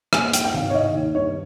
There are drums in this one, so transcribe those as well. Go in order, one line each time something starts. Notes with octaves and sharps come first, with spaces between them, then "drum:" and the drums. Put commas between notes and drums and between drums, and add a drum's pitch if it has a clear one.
A#3 G#5, drum: rim click
G2 G5, drum: hi-hat
G5
G#1 F5
C#5
D#3 D#5
D#2
G2 C#5